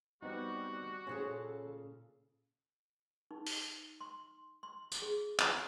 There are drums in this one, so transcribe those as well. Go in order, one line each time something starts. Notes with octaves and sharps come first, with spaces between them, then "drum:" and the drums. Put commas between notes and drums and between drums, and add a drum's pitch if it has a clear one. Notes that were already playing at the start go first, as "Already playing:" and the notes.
G3 B3 C4 D#4 F#4
A#2 C#3 C#4 G#4 A4 C5
D#4
drum: open hi-hat
C6
C6
drum: tambourine
G#4
drum: clap